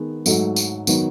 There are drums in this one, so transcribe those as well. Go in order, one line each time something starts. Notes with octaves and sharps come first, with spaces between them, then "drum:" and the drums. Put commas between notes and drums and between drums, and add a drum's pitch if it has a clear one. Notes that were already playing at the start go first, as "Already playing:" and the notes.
Already playing: D#3 G#3 B3
G#2 F#3 A3 D#4 F#4, drum: tambourine
drum: tambourine
D#3 F#3 B3 D#4, drum: tambourine